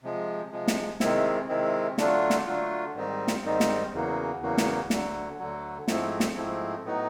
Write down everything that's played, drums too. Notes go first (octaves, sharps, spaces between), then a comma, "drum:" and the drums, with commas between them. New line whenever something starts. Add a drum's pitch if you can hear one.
C3 F3 G#3
C3 F3 G#3
drum: snare
C3 D#3 G#3 C4 E4, drum: snare
C3 D#3 G#3 C4 E4
D3 F#3 A3 D4 F4, drum: snare
drum: snare
D3 F#3 A3 D4 F4
G#2 D#3 G3 C4 D#4
drum: snare
G#2 D#3 G3 C4 D#4
drum: snare
E2 C#3 F#3 A#3
E2 C#3 F#3 A#3
drum: snare
D2 D3 F#3, drum: snare
D2 D3 F#3
G#2 F3 A3 C4 E4, drum: snare
drum: snare
G#2 F3 A3 C4 E4
A2 F#3 B3 D#4